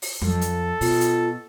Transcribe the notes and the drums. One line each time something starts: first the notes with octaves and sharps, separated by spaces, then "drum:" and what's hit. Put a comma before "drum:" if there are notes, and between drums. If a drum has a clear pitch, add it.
drum: open hi-hat
F2 A4, drum: tom F#3
drum: hi-hat
B2 F4, drum: open hi-hat
drum: hi-hat